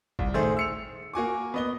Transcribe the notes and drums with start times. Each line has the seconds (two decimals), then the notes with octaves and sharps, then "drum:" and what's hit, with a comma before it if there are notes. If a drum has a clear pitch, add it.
0.19 C2, drum: kick G1
0.34 D#3 A3 G#4 C5
0.43 drum: tom A2
0.57 E6 C#7 F7
1.14 A#3 F#4 G#5 D6
1.54 B3 D#5 G7